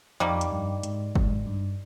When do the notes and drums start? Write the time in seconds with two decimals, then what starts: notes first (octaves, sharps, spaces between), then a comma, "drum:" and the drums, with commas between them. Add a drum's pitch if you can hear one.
0.20 F2 D#3 G3 A#3
0.41 drum: hi-hat
0.52 G2
0.83 G#2, drum: hi-hat
1.15 G#2, drum: kick
1.47 G2